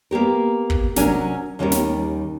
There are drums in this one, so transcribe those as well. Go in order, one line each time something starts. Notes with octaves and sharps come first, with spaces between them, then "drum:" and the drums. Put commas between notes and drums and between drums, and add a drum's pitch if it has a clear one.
A#3 B3 G4 A#4
drum: kick
C3 F#3 C#4 D4 A#4 G#5, drum: snare
D#2 D#3 G3 C#4 G4 A#4
drum: snare